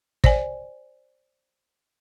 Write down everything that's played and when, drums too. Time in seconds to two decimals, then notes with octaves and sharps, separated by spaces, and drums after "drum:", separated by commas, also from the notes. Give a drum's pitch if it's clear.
0.24 C5 D5 G#5, drum: kick